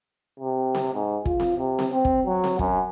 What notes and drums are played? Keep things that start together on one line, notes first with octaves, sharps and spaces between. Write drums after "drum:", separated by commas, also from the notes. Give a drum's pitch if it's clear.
C3
drum: snare C4
G#2
F4, drum: kick
drum: snare C4
C3
drum: snare C4
C4
drum: kick
F#3
drum: snare C4
F#2, drum: kick